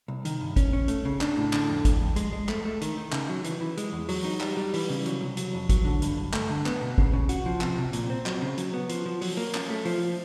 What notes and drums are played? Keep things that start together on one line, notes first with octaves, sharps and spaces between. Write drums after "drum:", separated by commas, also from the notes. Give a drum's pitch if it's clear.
C2
D#3, drum: hi-hat
G2
C#4, drum: kick, hi-hat
C#4
A3, drum: hi-hat
C#3
D4, drum: clap
A2
D3, drum: clap
F2
F2, drum: kick, hi-hat
F2
G#3, drum: hi-hat
G#3
A3, drum: clap
A3
D#3, drum: hi-hat
D#3
C#3, drum: clap
F#3
E3, drum: hi-hat
E3
G#3, drum: hi-hat
E2
F#3, drum: open hi-hat
D#4
G3, drum: clap
G3
E3, drum: open hi-hat
C#3
F#3, drum: hi-hat
C2
F#3, drum: hi-hat
F2
F#3, drum: kick, hi-hat
D3
G2, drum: hi-hat
G2
A3, drum: clap
D3
B3, drum: clap
B2
C#3, drum: kick
C#3
F#4, drum: hi-hat
F3
C3, drum: clap
C3
A#2, drum: hi-hat
C4
F#3, drum: clap
C#3
F#3, drum: hi-hat
B3
F3, drum: hi-hat
F3
F#3, drum: open hi-hat
A#3
C#4, drum: clap
A3
F3, drum: open hi-hat